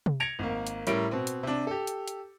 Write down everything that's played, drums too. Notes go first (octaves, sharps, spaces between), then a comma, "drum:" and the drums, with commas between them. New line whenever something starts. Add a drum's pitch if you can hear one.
drum: tom C3
G#6 A#6 C#7 D7 F7
G#1 A#3
drum: hi-hat
A2 G3 C#4 A#4 A#5 D7, drum: hi-hat
B2 C4
drum: hi-hat
C3 D4
G4 A4
drum: hi-hat
drum: hi-hat